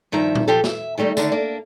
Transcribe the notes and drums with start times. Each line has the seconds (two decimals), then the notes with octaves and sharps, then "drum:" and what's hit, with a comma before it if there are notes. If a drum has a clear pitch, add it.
0.12 G2 D#3 F3 E5 A#5
0.35 drum: tom A#2
0.48 F3 F4 G4 A4
0.64 E5, drum: snare
0.98 D#3 G3 A3 D#4
1.17 D3 D#3 D4, drum: tambourine
1.32 A#3 D4